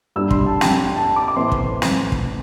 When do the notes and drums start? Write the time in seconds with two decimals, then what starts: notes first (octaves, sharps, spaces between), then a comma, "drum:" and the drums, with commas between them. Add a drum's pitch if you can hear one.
0.16 G2 G3 D4 E6
0.31 C6, drum: kick
0.46 A5
0.61 G5, drum: snare
0.96 A5
1.16 D6
1.28 D6
1.36 A2 E3 A3 C4 C6
1.52 drum: kick
1.82 drum: snare
2.12 drum: kick